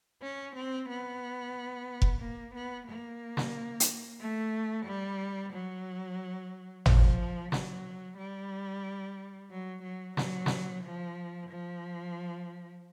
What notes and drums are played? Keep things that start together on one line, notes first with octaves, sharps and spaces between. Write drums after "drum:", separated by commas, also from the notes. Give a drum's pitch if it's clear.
C#4
C4
B3
drum: kick F1
A#3
B3
A#3
drum: snare
drum: hi-hat
A3
G3
F#3
F3, drum: tom G#1
F#3, drum: snare
G3
F#3
F#3
F#3, drum: snare
drum: snare
F3
F3